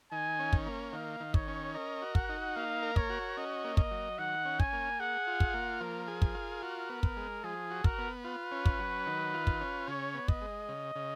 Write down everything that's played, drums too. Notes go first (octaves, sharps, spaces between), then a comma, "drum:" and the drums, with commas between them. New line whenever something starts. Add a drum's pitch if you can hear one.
D#3 G#5
C#4
drum: kick
A#3
D#3 F5
D#3
C#5, drum: kick
C#4
A#4 D#5
F#4
F#5, drum: kick
D#4
A#3 F5
A#4
C#5, drum: kick
F#4
C#4 D#5
A#3
D#5, drum: kick
F#3
D#3 F#5
C#4
G#5, drum: kick
A#3
G#4 F#5
F4
drum: kick
A#3
F3 A#4
G#4
drum: kick
F4
F#4
B3
drum: kick
G#3
F3 G#4
F#4
A#4, drum: kick
B3
F4 B4
C#4
drum: kick
F#3
D#3
F4
drum: kick
C#4
C#3 C#5
B3
D#5, drum: kick
G#3
C#3
C#3